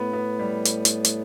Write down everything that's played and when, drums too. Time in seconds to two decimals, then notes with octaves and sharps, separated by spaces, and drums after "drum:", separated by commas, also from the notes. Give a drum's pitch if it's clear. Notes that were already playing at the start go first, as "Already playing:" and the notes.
Already playing: A2 B3
0.13 B3
0.39 G3
0.65 drum: hi-hat
0.85 drum: hi-hat
1.05 drum: hi-hat